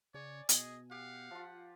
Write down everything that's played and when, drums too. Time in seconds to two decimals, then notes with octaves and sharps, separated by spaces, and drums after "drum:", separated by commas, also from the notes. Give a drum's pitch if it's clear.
0.14 C#3 C#5 D5 G#5
0.49 B2 G#4 D#5, drum: hi-hat
0.91 G4 F5 F#5
1.31 F3 F4